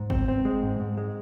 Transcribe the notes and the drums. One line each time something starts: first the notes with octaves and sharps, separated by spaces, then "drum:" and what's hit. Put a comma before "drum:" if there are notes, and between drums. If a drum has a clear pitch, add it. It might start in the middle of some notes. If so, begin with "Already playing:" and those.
Already playing: G#2
C4, drum: kick
C4
G#3
G#2
G#2
G#3